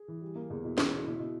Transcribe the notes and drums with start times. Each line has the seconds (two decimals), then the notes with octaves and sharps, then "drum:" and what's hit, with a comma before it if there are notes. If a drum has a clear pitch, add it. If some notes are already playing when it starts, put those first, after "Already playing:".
Already playing: G#4
0.08 E3
0.21 G3
0.35 A#3
0.50 E2
0.64 B2 E4
0.78 E2, drum: snare
0.93 B2
1.06 B2 E4
1.20 B2